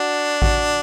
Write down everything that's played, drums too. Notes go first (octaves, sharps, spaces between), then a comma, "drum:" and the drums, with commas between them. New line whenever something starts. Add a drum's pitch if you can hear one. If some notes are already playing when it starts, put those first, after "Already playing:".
Already playing: D4 F#4
F#4, drum: kick A1